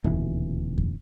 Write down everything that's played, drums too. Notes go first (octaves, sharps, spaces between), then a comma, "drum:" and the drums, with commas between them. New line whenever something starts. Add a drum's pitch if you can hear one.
D#1 D2 B2 E3, drum: kick F2
drum: kick F2